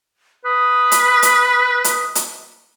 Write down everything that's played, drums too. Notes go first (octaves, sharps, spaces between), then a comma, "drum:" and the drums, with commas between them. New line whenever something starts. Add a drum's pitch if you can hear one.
B4 D#6
drum: hi-hat
drum: hi-hat
drum: hi-hat
drum: hi-hat